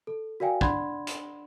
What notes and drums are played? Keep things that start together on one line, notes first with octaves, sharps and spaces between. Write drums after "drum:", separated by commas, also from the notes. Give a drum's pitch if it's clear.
A4
F#4 A#4 D5 F5 G5 G#5
D4 D5 F#5 B5 C6 G#6, drum: kick
drum: hi-hat